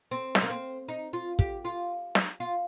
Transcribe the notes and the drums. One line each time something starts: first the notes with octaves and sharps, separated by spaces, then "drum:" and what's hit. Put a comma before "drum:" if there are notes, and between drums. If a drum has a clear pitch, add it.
C4
G#3, drum: snare
A#3
C4
D#4
F4
G4, drum: kick
F4
drum: snare
F4